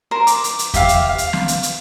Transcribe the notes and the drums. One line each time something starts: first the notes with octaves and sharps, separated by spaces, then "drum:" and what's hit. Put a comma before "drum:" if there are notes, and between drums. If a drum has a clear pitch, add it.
A#4 C5 A#5
D6, drum: hi-hat
drum: hi-hat
drum: hi-hat
G4 E5 F5 D6, drum: kick E2, hi-hat
drum: hi-hat
F5
drum: hi-hat
drum: snare
drum: hi-hat
drum: hi-hat